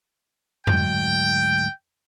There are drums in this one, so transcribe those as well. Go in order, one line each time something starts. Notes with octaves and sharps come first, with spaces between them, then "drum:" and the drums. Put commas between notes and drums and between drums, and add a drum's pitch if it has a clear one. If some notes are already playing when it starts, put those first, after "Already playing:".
D2 G#2 F#3 G5, drum: tom F2